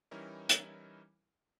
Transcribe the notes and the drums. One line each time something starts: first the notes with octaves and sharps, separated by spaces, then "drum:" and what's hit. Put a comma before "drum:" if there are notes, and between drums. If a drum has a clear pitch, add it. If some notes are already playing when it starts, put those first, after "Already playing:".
E3 G3 C#4 D#4 E4 A#4
drum: hi-hat